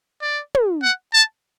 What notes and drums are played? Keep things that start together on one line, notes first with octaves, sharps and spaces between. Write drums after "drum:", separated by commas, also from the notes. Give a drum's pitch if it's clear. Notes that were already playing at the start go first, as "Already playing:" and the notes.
D5
drum: tom
F#5
A5